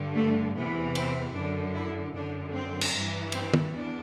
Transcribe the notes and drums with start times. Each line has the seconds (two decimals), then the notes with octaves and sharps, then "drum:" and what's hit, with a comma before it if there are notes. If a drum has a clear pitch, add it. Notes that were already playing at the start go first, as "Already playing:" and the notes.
Already playing: G2 D3
0.16 A3
0.55 E2 C3 E3 B3
0.95 C4, drum: cymbal
1.34 F#2 D3 D4
1.74 E4
2.13 F#2 D3 D4
2.53 C4
2.81 drum: cymbal
2.93 G2 E3
3.32 C4, drum: cymbal
3.54 drum: tom
3.71 E2 D4